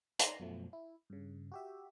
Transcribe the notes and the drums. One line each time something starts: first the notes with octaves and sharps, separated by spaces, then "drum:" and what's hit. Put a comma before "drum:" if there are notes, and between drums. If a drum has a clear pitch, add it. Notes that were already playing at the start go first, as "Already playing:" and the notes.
D#4 D5 A#5 C6, drum: hi-hat
F#2 B2 F3 A3
E4
G2 C#3
F#4 G4 E5